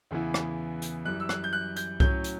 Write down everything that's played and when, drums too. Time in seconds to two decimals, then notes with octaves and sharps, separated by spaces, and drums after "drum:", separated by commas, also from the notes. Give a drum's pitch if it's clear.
0.11 E2 C#3 E3 B3 E4
0.34 drum: rim click
0.82 drum: hi-hat
1.05 F#2 E3 G3 F#6
1.20 E6
1.29 F#6, drum: rim click
1.44 G6
1.53 F#6
1.76 G6, drum: hi-hat
2.00 A2 F#3 C#4 G6, drum: kick C2
2.24 drum: hi-hat